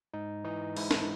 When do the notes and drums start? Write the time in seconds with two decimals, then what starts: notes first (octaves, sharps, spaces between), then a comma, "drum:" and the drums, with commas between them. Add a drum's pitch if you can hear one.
0.14 G#2 D#4
0.44 E3 D#4
0.77 G#2 E4, drum: cymbal
0.91 drum: snare D4